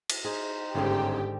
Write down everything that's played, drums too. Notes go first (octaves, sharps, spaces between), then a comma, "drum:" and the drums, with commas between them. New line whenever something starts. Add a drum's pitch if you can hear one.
drum: cymbal
D#4 G#4 C5
G1 G#2 D3 D#3 C#4 G4 G#4